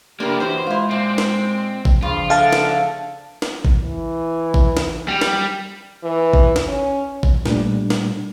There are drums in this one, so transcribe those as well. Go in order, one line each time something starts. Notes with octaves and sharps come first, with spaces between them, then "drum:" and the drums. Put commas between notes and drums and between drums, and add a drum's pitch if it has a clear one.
A#3 D4 E4 G4 A#4
F#2 E3 F#3 C5
G#3 E4 F4
A#2 C4
drum: snare
drum: kick A1
G2 C#3 F3 F4
D3 A3 F5 A5
drum: snare
drum: snare
drum: kick A1
E3
drum: kick A1
drum: snare
G3
drum: snare
E3
drum: kick A1
drum: snare
C#4
drum: kick A1
A#2 G3 A3 D4, drum: snare
drum: snare